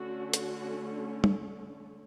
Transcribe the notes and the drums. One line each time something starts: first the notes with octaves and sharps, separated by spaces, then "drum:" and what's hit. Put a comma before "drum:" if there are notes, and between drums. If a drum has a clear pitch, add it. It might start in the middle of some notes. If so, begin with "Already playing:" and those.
Already playing: D3 A3 C#4 F#4
F#4, drum: hi-hat
drum: tom G3